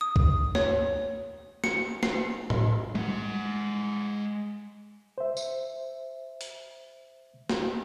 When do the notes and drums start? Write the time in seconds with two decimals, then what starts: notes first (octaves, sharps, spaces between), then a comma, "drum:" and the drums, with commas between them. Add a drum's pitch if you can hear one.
0.01 D#6
0.16 drum: kick
0.55 C#5, drum: snare
1.64 C#7, drum: snare
2.03 C7, drum: snare
2.50 drum: tom A2
2.95 G#3 F#5, drum: tom G3
5.18 C5 E5
5.37 drum: tambourine
6.41 drum: open hi-hat
7.50 drum: snare